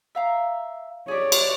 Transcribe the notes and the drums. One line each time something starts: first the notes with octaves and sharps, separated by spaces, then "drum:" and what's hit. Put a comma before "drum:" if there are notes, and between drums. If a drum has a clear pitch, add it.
E5 F5 A#5
G4 G#4 C#5 D5
drum: cymbal